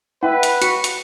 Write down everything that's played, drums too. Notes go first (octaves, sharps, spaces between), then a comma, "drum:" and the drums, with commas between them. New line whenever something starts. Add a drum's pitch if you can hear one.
E4 B4 F#5 G5
drum: hi-hat
F#4 C#7, drum: hi-hat
drum: hi-hat